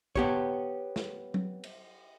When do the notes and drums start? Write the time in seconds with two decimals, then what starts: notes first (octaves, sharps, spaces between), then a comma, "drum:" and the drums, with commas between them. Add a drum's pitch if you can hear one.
0.16 B3 G4 C#5, drum: kick
0.96 drum: snare
1.34 drum: tom F#3
1.64 drum: cymbal